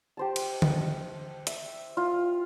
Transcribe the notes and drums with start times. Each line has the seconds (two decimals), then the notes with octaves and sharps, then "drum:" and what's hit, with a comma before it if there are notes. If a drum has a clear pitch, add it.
0.17 G4 C5 A5
0.36 drum: cymbal
0.62 drum: tom D3
1.47 E5, drum: hi-hat
1.97 F4